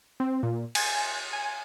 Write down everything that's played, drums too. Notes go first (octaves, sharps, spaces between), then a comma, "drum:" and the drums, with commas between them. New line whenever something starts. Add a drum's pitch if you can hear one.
C4
A#2
G#5, drum: cymbal
G#5